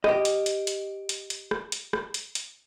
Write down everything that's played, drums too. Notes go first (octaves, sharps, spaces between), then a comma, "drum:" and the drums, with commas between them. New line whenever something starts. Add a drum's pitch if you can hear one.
G4 D#5, drum: rim click
drum: hi-hat
drum: hi-hat
drum: hi-hat
drum: hi-hat
drum: hi-hat
drum: rim click
drum: hi-hat
drum: rim click
drum: hi-hat
drum: hi-hat